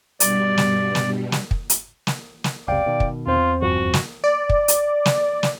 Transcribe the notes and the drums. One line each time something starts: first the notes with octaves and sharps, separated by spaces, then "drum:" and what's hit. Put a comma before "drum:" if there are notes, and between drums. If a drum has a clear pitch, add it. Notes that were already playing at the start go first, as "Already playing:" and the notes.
G2 B2 G3 D5, drum: hi-hat
drum: snare
drum: snare
drum: snare
drum: kick
drum: hi-hat
drum: snare
drum: snare
F#1 C#2 C3 D5 F5 G5
B2 D#3
drum: kick
E2 C4 F4 C5
F1 G2 F3 F#4
drum: snare
D5
drum: kick
drum: hi-hat
drum: snare
drum: snare